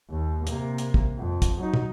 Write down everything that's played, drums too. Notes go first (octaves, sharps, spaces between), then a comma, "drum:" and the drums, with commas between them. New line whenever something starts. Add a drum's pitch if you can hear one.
D#2
C3 A#3, drum: hi-hat
drum: hi-hat
drum: kick
F2
drum: kick, hi-hat
F#3 D#4
drum: tom